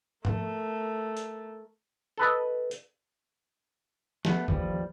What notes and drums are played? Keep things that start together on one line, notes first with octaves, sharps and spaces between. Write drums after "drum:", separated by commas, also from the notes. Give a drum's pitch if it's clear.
A3 A#4, drum: tom
drum: hi-hat
A4 B4 D#5
drum: hi-hat
A3 B3, drum: snare
A1 D#2 E3 F3 G3, drum: kick G1